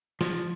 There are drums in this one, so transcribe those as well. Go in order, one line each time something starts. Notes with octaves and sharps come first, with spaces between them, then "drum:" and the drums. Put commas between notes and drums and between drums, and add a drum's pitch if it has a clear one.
F3, drum: snare